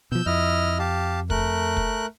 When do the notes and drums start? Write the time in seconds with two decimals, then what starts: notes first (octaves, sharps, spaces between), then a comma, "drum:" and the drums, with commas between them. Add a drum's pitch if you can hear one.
0.12 B2 F3 E6 G6
0.26 F2 E4 D#5 F6
0.79 G4 F5 A5
1.30 A3 A#4 F#6, drum: kick
1.77 drum: kick